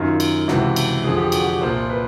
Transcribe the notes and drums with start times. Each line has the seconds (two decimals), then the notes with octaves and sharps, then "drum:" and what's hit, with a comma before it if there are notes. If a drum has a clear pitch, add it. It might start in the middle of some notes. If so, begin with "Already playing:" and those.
Already playing: F#2 D#3 F4
0.20 drum: cymbal
0.48 C#2 C3 E3 F#4, drum: snare
0.76 drum: cymbal
1.04 F2 D3 F3 G#4
1.18 G4
1.32 F#4, drum: cymbal
1.45 G4
1.61 C2 A#2 F3 C5
1.90 B4